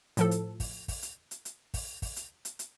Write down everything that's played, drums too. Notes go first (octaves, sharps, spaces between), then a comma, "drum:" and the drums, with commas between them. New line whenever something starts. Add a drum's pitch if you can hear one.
A2 F3 A4, drum: hi-hat
drum: hi-hat
drum: kick, open hi-hat
drum: kick, open hi-hat
drum: hi-hat
drum: hi-hat
drum: hi-hat
drum: kick, open hi-hat
drum: kick, open hi-hat
drum: hi-hat
drum: hi-hat
drum: hi-hat